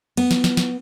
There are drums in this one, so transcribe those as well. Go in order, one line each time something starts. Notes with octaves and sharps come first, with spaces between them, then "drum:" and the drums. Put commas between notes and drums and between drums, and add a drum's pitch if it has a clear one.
B3, drum: cymbal
drum: snare
drum: snare
drum: snare